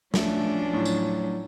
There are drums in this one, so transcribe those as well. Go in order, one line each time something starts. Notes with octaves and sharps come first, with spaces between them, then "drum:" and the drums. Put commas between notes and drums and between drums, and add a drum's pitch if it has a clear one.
F3 A3 C#4 D4, drum: snare
A2 F#3
drum: tambourine